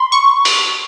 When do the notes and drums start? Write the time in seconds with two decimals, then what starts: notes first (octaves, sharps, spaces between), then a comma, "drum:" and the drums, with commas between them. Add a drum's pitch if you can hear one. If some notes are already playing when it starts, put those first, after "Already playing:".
Already playing: B5 C6
0.12 C#6
0.45 drum: open hi-hat